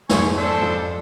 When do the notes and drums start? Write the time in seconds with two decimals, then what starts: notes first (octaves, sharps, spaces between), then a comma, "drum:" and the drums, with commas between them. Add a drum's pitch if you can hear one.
0.09 F2 G#2 G#5 C#6, drum: snare
0.37 D4 A4 C5
0.62 F2